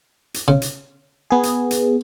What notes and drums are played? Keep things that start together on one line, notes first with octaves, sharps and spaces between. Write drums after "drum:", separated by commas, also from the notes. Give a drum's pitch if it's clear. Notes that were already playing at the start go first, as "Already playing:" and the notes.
drum: hi-hat
C#3
drum: hi-hat
B3 G#4
drum: hi-hat
drum: hi-hat